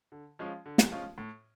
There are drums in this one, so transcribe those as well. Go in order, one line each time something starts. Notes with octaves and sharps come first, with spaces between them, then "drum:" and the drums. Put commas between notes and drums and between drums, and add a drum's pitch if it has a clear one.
D3
F3 G#3 C#4 F4
D3
drum: snare
F3 G#3 C#4 F4
A2